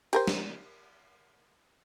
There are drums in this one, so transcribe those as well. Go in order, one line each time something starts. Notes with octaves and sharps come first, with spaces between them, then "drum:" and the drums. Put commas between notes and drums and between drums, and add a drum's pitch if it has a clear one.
G4 A#4 C5, drum: cymbal
drum: snare